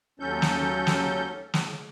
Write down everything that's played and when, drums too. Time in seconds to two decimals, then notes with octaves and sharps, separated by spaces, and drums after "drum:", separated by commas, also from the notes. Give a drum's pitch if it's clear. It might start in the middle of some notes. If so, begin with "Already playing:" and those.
0.20 D#2 F#3 C#4 A4 G6
0.42 drum: snare
0.87 drum: snare
1.54 drum: snare